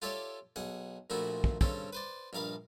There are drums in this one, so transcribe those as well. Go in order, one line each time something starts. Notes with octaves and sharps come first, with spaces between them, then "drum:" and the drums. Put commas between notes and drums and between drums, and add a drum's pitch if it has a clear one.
F4 G4 A4 C#5 D5 E5
B1 G#4 F#5
A#1 A#2 F3 A3 E4 F#4
drum: kick
G2 C#3 C4 A4 C#5, drum: kick
B4 C5 D5
A#1 G2 A#4 F5 B5